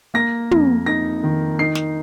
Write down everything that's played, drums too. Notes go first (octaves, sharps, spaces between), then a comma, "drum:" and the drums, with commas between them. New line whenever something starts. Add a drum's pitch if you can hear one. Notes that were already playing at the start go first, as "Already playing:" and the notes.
A#3 A#6
F2, drum: tom
D#4 A#6
D#3
D#4 C7
drum: snare